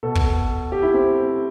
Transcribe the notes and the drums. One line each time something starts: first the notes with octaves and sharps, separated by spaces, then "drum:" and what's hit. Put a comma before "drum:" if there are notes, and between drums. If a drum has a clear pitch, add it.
B2 A4
drum: kick
G4
E4
C4